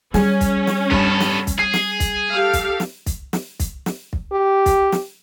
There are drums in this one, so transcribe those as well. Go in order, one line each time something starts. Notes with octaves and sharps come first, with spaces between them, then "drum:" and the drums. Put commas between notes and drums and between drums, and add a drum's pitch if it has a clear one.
G3 C#4 G#4, drum: snare
drum: kick, hi-hat
drum: snare
G2 B3 A4, drum: kick
drum: snare
drum: kick, hi-hat
G#4 C7
drum: snare
drum: kick, hi-hat
G4 A4 F5
drum: kick, hi-hat
drum: snare
drum: kick, hi-hat
drum: snare
drum: kick, hi-hat
drum: snare
drum: kick
G4
drum: kick, hi-hat
drum: snare